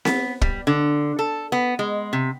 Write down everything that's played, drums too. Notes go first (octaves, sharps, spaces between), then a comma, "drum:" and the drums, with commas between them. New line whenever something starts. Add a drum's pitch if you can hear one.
B3, drum: snare C4
G3, drum: kick
D3
A4
B3
G#3
C3